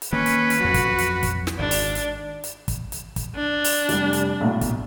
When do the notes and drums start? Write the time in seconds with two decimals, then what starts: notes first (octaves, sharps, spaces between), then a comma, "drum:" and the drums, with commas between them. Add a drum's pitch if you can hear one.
0.02 drum: hi-hat
0.13 D#3 A#3 C#4 B4
0.26 drum: hi-hat
0.50 drum: hi-hat
0.61 F2 F#3 F#4
0.74 drum: kick, hi-hat
0.98 drum: hi-hat
1.23 drum: kick, hi-hat
1.47 drum: snare
1.59 G#1 D4
1.71 drum: open hi-hat
1.95 drum: hi-hat
2.44 drum: hi-hat
2.68 drum: kick, hi-hat
2.92 drum: hi-hat
3.16 drum: kick, hi-hat
3.36 D4
3.65 drum: open hi-hat
3.89 F1 G3, drum: hi-hat
4.13 drum: hi-hat
4.41 B1 A2
4.61 drum: kick, hi-hat